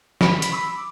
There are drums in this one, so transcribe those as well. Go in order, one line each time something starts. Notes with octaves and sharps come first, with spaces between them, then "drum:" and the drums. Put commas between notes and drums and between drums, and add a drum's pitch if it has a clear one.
B5, drum: snare
drum: hi-hat
E6
D6